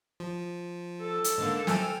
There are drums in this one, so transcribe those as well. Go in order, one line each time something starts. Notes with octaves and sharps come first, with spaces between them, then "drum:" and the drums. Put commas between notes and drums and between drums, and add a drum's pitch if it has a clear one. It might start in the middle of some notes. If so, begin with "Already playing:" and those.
F3
A4
drum: hi-hat
G#2 D3 A#3
G5 G#5 F6, drum: snare